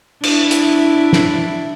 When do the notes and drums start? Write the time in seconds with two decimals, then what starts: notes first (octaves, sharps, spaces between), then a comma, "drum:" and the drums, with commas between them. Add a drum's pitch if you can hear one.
0.24 D4 E4, drum: cymbal
0.51 drum: hi-hat
1.13 drum: snare